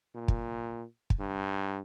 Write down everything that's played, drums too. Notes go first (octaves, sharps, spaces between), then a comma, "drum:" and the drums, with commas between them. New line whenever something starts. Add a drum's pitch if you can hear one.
A#2
drum: kick
drum: kick
G2